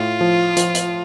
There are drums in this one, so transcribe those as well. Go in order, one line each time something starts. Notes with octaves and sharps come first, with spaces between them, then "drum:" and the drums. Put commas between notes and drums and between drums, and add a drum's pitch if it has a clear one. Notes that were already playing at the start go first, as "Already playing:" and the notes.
Already playing: A2 F4
F3
F3, drum: hi-hat
drum: hi-hat